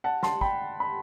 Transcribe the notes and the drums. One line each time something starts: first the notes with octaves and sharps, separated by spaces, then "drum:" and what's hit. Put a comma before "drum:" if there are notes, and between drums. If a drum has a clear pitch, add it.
F#5 A5
A5 C6, drum: snare
G5 B5, drum: kick
B5